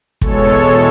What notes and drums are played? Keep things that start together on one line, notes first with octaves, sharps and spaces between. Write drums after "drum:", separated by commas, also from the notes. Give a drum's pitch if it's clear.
E2 B2 G#3 A4 C#5, drum: kick